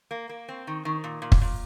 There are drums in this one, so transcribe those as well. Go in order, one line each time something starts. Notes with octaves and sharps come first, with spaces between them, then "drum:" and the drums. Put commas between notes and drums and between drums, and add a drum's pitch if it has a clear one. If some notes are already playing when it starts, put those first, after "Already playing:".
A#3
A#3
C4
D#3
D#3
A#2
A#2
drum: kick
A#2